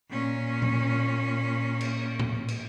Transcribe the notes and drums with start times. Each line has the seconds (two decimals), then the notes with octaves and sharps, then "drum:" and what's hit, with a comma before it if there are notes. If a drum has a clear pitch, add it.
0.10 A#2 C#4
0.62 drum: tom A#2
1.81 drum: cymbal
2.20 drum: tom A2
2.48 drum: cymbal